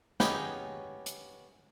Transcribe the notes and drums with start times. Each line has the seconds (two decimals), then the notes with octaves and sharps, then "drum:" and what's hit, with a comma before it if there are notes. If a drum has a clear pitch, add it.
0.20 B3 C#4 D#4 G4 G#4, drum: snare
1.06 drum: hi-hat